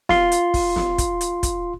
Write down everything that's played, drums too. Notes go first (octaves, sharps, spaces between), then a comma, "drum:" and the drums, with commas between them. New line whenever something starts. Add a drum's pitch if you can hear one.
F4 C6, drum: snare
drum: hi-hat
drum: kick, open hi-hat
drum: snare
drum: kick, hi-hat
drum: hi-hat
drum: kick, hi-hat